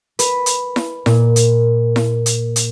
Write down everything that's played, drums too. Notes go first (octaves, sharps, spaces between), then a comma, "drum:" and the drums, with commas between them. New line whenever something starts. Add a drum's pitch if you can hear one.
B4, drum: hi-hat
drum: hi-hat
drum: snare E4
A#2, drum: snare E4
drum: hi-hat
drum: snare E4
drum: hi-hat
drum: hi-hat